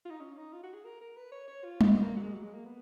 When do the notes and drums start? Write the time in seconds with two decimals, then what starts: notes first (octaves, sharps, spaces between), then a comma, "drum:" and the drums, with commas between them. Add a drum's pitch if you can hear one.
0.05 F4
0.10 D#4
0.21 C#4
0.37 D#4
0.53 F4
0.64 F#4
0.74 G#4
0.85 A#4
1.01 A#4
1.16 B4
1.32 C#5
1.48 C#5
1.64 F4
1.81 C#4, drum: tom G3
1.90 B3
2.01 A#3
2.16 F#3
2.22 G#3
2.33 F#3
2.43 G#3
2.54 A#3
2.65 B3